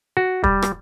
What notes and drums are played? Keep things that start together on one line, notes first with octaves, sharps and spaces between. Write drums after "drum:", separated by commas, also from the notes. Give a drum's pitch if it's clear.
F#4
G3, drum: kick
drum: rim click